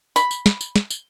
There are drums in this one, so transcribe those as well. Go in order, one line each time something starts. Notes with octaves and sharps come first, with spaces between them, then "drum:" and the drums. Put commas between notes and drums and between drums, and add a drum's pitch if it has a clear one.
B5, drum: tambourine
drum: tambourine
drum: snare
drum: tambourine
drum: snare
drum: tambourine